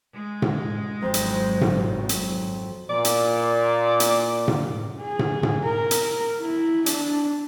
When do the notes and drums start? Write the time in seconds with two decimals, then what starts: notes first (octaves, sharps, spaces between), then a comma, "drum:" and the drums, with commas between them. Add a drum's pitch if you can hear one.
0.14 G#3
0.42 drum: tom A2
1.02 G#1 F2 F#3 C5
1.14 drum: hi-hat
1.61 drum: tom A2
2.09 drum: hi-hat
2.90 A#2 D5
3.05 drum: hi-hat
4.00 drum: hi-hat
4.48 drum: tom A2
5.01 G#4
5.19 drum: tom A2
5.43 drum: tom A2
5.64 A#4
5.91 drum: hi-hat
6.41 E4
6.86 D4, drum: hi-hat